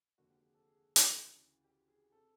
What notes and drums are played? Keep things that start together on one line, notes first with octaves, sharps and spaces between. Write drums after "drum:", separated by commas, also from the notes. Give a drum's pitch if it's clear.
F1 D#2 D3 F#4
G4
G#4
A4
G#4
drum: hi-hat
D2 C#3 E3
G4
G#4
C3 A4